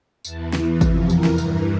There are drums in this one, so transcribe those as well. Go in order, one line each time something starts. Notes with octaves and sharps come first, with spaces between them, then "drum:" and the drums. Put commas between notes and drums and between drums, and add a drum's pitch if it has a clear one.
E2 E3 A5, drum: tambourine
E2 E3, drum: snare
F2 C3 F3 E5, drum: kick, tambourine
E2 E3 A#4, drum: tambourine
drum: snare
G2 E3, drum: tambourine